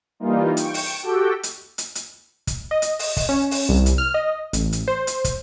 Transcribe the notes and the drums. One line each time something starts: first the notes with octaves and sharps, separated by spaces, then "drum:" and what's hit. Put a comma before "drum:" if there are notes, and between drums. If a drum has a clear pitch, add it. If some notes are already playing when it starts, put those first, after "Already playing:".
E3 G3 A#3 D#4 F4
G5 C#6, drum: hi-hat
drum: open hi-hat
F#4 G4 A4 G5
drum: hi-hat
drum: hi-hat
drum: hi-hat
drum: kick, hi-hat
D#5
drum: hi-hat
drum: open hi-hat
drum: kick, open hi-hat
C#4
drum: open hi-hat
C2
drum: hi-hat
F6
D#5
A1, drum: hi-hat
drum: hi-hat
C5
drum: hi-hat
drum: kick, hi-hat